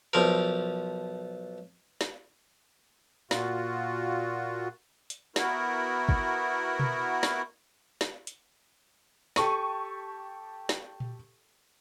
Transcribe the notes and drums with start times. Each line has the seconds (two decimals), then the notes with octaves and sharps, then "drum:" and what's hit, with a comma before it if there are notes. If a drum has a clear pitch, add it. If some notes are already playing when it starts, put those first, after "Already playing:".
0.13 B1 F3 A#4
2.01 drum: snare
3.31 A#2 F4 F#4, drum: snare
5.10 drum: hi-hat
5.36 B3 E4 F#4 A#4, drum: snare
6.09 drum: kick
6.79 drum: tom B2
7.23 drum: snare
8.01 drum: snare
8.27 drum: hi-hat
9.36 G4 A4 C#6 D#7, drum: snare
10.69 drum: snare
11.00 drum: tom A#2